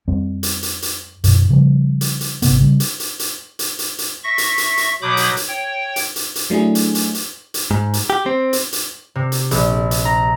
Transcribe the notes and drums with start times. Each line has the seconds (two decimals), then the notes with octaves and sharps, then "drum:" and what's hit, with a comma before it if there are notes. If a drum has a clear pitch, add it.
0.08 F2 G3 C4
0.43 drum: hi-hat
0.63 drum: hi-hat
0.82 drum: hi-hat
1.24 F#2 B2, drum: hi-hat
1.50 C#3 F3 G3
2.01 drum: hi-hat
2.21 drum: hi-hat
2.42 G#1 C3 B3, drum: hi-hat
2.60 C#3 G3
2.80 drum: hi-hat
3.00 drum: hi-hat
3.19 drum: hi-hat
3.59 drum: hi-hat
3.79 drum: hi-hat
3.98 drum: hi-hat
4.24 E5 C#6 A#6
4.38 drum: hi-hat
4.58 drum: hi-hat
4.77 drum: hi-hat
5.02 B2 F#3 B5 D6 D#6 G6
5.17 drum: hi-hat
5.37 drum: hi-hat
5.48 C#5 G5
5.96 drum: hi-hat
6.16 drum: hi-hat
6.35 drum: hi-hat
6.50 F#3 A3 D4 E4 G#4
6.75 drum: hi-hat
6.95 drum: hi-hat
7.15 drum: hi-hat
7.54 drum: hi-hat
7.71 G#2
7.94 drum: hi-hat
8.10 G4
8.26 C4
8.53 drum: hi-hat
8.73 drum: hi-hat
9.15 C3
9.32 drum: hi-hat
9.51 A#1, drum: hi-hat
9.91 drum: hi-hat
10.05 A#5